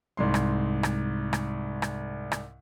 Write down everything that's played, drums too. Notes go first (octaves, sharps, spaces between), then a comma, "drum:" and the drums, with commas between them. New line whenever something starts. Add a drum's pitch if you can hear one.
C2 G#2 C6
drum: rim click
drum: rim click
drum: rim click
drum: rim click
drum: rim click